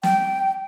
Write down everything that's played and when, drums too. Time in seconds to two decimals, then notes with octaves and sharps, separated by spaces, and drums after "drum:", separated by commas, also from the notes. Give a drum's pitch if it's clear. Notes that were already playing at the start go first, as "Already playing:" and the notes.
0.03 G5, drum: snare